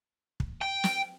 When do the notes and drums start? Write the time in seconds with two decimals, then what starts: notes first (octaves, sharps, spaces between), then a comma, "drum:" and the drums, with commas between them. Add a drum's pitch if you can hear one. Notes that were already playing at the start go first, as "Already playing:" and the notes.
0.40 drum: kick
0.62 G5
0.84 drum: snare